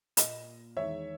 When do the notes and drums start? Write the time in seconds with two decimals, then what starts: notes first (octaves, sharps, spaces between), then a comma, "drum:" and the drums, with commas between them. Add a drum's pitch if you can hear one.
0.17 A#2 A#3 D#5, drum: hi-hat
0.77 E2 D#3 G#3 C#5 E5